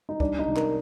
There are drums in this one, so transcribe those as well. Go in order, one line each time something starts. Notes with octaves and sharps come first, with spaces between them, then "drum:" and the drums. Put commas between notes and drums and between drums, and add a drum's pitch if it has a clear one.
D#4
G3 D4, drum: kick C2
D#4
C3
A#4, drum: clap